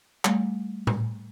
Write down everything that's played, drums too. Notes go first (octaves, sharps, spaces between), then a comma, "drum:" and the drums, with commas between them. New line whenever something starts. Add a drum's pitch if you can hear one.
G3 A3, drum: clap
drum: tom A2